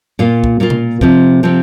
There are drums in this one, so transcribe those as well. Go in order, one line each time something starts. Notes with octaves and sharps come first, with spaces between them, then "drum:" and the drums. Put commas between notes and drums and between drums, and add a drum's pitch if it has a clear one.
A#2 A#3 F4
drum: kick
A#2 A#3 F4
drum: tom B2
C3 F3 C4, drum: kick
C3 F3 C4